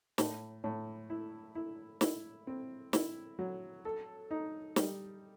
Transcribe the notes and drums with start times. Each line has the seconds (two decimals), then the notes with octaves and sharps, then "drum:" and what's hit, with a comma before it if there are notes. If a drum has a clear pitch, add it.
0.18 A2, drum: snare
0.64 A2
1.10 E4
1.55 E4
2.01 E4, drum: snare
2.47 C4
2.93 E4, drum: snare
3.39 F#3
3.85 A4
4.31 D#4
4.76 G3, drum: snare